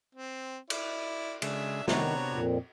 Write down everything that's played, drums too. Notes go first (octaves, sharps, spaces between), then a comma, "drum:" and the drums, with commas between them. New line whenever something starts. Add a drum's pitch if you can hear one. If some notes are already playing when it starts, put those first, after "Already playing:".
C4
E4 D5, drum: cymbal
C#3 G#3 D4 E5, drum: cymbal
C3 D#3 B3 D4 F#4 C#5 A#5, drum: snare
F2 A#2